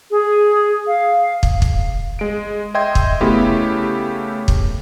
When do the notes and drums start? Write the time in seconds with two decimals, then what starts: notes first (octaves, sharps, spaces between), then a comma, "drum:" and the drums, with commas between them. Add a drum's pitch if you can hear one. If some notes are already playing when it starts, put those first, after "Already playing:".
0.11 G#4
0.87 F5
1.43 drum: kick
1.62 drum: kick
2.19 G#3 D7
2.75 D#5 E5 G5 C6 G#6
2.95 drum: kick
3.21 C#3 A3 B3 E4 G4
4.48 drum: kick